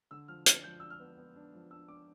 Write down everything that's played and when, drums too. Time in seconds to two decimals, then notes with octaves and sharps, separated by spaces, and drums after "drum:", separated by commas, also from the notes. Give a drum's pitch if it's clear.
0.11 D3 E6
0.28 F3 F6
0.46 D4 F6, drum: hi-hat
0.64 F3 G6
0.80 D4 E6
0.90 F6
1.00 B3
1.18 B3
1.36 D4
1.54 F3
1.71 D4 E6
1.88 D4 D6